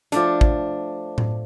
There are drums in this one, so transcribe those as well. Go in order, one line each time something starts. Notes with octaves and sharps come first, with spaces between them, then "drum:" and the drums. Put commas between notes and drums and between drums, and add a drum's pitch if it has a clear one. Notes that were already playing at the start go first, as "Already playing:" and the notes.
F3 A3 D4 A4, drum: hi-hat
drum: kick
drum: tom A2